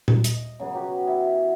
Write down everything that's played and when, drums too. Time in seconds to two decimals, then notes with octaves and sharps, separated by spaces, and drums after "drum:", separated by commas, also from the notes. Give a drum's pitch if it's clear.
0.08 drum: tom A#2
0.24 D#5, drum: hi-hat
0.60 C#3 F#3 B3
0.73 B2 F#3 G4
1.07 E4